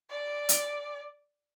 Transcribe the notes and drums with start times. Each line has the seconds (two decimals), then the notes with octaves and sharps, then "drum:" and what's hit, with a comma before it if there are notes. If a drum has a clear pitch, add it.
0.10 D5
0.49 drum: hi-hat